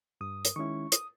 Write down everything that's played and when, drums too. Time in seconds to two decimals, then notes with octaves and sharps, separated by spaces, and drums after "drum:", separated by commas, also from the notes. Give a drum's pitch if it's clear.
0.21 G2 D#6
0.45 drum: hi-hat
0.56 D#3 G#3 C#4 E4 C#6
0.92 D#6, drum: hi-hat